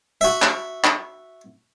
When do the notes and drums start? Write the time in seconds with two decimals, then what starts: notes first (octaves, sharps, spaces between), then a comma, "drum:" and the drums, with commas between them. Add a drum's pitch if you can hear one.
0.21 F#4 E5
0.42 drum: clap
0.84 drum: clap